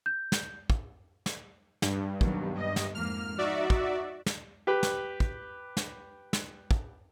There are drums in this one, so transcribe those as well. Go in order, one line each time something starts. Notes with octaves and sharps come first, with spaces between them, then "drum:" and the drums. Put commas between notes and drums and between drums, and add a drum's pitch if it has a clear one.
G6
drum: snare
drum: kick
drum: snare
G2, drum: snare
D#2 B2 F#3, drum: kick
D#5
drum: snare
F2 G#2 A#3 F6
D#4 F#4 D5 E5
drum: kick
drum: snare
G4 B4
drum: snare
drum: kick
drum: snare
drum: snare
drum: kick